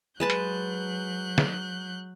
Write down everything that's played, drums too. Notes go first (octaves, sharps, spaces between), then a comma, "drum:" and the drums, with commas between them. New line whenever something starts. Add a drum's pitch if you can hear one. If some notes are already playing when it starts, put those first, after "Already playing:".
F#3 G#3 B4 A5 F#6 G6
drum: hi-hat
drum: snare